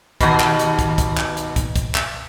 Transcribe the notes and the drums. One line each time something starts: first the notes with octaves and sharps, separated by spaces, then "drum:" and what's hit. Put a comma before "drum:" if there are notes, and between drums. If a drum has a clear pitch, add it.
D#2 B2, drum: kick, hi-hat
drum: clap
drum: hi-hat
drum: kick, hi-hat
drum: kick, hi-hat
drum: clap
drum: hi-hat
drum: kick, hi-hat
drum: kick, hi-hat
drum: clap